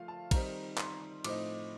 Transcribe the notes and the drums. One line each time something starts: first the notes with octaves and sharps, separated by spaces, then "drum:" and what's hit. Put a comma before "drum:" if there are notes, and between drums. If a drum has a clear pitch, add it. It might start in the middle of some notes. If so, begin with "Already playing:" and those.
Already playing: F3 A3 F4 F5
A5
D#3 G3 C4 D#4 A#5, drum: kick, cymbal
C6, drum: clap
A2 F3 C4 D#4 D6, drum: cymbal